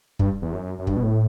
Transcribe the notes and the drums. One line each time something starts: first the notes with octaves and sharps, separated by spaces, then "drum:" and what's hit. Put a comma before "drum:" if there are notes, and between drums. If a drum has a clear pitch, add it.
G2, drum: kick
E2
F#2
F#2
G2, drum: kick
B2
A2